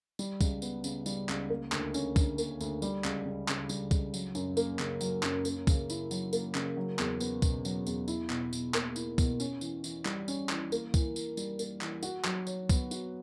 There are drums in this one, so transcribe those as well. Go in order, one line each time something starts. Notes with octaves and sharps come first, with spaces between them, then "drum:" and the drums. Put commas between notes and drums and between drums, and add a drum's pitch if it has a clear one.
G3, drum: tambourine
C#2, drum: kick C2, tambourine
B3, drum: tambourine
C#3, drum: tambourine
G3, drum: tambourine
C#2, drum: clap
A#3
D2, drum: clap
C#4, drum: tambourine
D3, drum: kick C2, tambourine
A#3, drum: tambourine
D2, drum: tambourine
G3, drum: tambourine
C#2, drum: clap
C#2
C#3, drum: clap
G3, drum: tambourine
C#2, drum: kick C2, tambourine
F#3, drum: tambourine
F#2, drum: tambourine
A#3, drum: tambourine
C#3, drum: clap
F#3, drum: tambourine
F#2, drum: clap
A#3, drum: tambourine
C#3, drum: kick C2, tambourine
E4, drum: tambourine
F#3, drum: tambourine
A#3, drum: tambourine
C#3, drum: clap
F#3
E2, drum: clap
B3, drum: tambourine
B2, drum: kick C2, tambourine
F#3, drum: tambourine
E2, drum: tambourine
E4, drum: tambourine
B2, drum: clap
B2, drum: tambourine
A#3, drum: clap
E4, drum: tambourine
B2, drum: kick C2, tambourine
C#4, drum: tambourine
E3, drum: tambourine
E3, drum: tambourine
G3, drum: clap
C#4, drum: tambourine
E3, drum: clap
A#3, drum: tambourine
E3, drum: kick C2, tambourine
E3, drum: tambourine
G3, drum: tambourine
A#3, drum: tambourine
E3, drum: clap
F#4, drum: tambourine
F#3, drum: clap
C#5, drum: tambourine
B3, drum: kick C2, tambourine
F#4, drum: tambourine